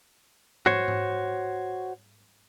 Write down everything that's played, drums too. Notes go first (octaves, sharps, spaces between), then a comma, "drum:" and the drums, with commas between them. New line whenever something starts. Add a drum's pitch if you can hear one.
F#4 C5 C#5, drum: tom
drum: tom G#2